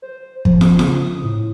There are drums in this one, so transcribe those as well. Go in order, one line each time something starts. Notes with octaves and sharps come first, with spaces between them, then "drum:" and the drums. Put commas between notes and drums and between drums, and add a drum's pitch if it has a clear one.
C5
F3, drum: kick
drum: snare
C#3, drum: snare
D#6
A2